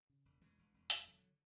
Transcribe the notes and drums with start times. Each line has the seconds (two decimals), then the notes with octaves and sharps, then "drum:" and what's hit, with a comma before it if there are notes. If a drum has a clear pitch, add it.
0.10 C#3
0.25 E1
0.41 E1 E3 G#3
0.58 E1
0.74 E1
0.90 E1, drum: hi-hat
0.99 G#3
1.06 E1 D3 F#3